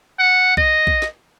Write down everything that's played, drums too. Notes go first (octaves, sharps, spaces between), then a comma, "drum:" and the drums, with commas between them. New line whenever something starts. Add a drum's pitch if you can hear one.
F#5
D#5, drum: kick B1
drum: kick B1
drum: snare